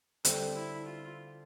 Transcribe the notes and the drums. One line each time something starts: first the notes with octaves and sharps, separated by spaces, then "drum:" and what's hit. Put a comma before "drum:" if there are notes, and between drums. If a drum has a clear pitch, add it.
D3 G3 C4 D4 A4 C5, drum: hi-hat
E4
F4